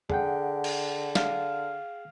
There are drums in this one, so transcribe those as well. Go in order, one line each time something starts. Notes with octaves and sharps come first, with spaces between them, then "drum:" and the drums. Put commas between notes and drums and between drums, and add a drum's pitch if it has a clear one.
D3 G#4 F#5 G5, drum: tom E2
drum: cymbal
F5, drum: snare